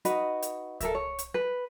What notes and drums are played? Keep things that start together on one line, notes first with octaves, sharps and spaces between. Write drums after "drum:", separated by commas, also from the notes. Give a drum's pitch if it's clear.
D#4 F#4 B4 D#5, drum: hi-hat
drum: hi-hat
A4 A#4 E5, drum: kick C2, hi-hat
C#5
drum: hi-hat
B4